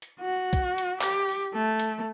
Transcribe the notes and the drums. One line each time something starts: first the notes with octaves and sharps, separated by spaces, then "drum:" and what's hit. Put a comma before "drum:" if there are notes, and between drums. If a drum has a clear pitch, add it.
drum: hi-hat
F#4
drum: kick B1, hi-hat
drum: hi-hat
G4, drum: clap
drum: open hi-hat
A3
drum: hi-hat